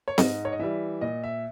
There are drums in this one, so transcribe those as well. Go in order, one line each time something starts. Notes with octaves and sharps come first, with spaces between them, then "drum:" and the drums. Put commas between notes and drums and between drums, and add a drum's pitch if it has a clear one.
C#5
G#2 D#5, drum: snare C4
C#5
D#5
E3 G3 E5
A#2 D#5
E5